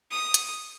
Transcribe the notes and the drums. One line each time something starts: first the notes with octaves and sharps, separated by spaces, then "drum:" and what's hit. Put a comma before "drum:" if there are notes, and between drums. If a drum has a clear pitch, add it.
D#6
drum: hi-hat